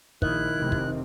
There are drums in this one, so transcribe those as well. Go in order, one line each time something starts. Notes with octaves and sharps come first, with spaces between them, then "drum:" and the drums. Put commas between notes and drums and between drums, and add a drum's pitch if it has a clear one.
A#1 D#3 E4 F#6, drum: kick
F1 C3 C4
drum: kick